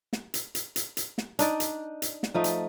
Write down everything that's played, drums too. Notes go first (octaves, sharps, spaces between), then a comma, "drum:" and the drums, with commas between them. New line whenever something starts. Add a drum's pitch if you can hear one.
drum: snare
drum: hi-hat
drum: hi-hat
drum: hi-hat
drum: hi-hat
drum: snare
D4 D#4 D5, drum: hi-hat
drum: hi-hat
drum: hi-hat
drum: snare
F3 A3 D#4
drum: hi-hat